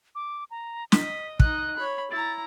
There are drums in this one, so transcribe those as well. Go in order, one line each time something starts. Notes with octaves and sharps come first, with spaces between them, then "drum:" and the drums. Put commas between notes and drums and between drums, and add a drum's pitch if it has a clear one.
D6
A#5
D#5 B6, drum: snare
D#4 D#5 F#6, drum: kick
C#5 B5
E4 A#5 A6